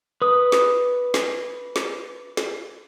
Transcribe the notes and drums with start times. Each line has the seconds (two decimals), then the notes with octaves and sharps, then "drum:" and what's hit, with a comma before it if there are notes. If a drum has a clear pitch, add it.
0.22 B4 D#6
0.52 drum: snare
1.14 drum: snare
1.76 drum: snare
2.37 drum: snare